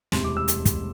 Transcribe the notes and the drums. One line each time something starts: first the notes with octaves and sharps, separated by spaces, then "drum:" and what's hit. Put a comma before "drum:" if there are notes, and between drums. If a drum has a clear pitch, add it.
E1 D2 C3 G3 C6, drum: snare
D6
E6
drum: hi-hat
drum: kick, hi-hat